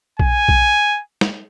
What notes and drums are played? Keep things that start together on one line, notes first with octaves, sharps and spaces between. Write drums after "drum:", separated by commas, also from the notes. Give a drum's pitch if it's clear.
G#5, drum: kick A#1
drum: kick A#1
drum: snare